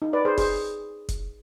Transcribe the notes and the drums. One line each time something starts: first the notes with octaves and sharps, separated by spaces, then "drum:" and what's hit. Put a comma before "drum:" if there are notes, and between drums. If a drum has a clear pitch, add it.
D#4
B4 D5
G#4 C5
G#4 C5, drum: kick F1, open hi-hat
drum: kick F1, hi-hat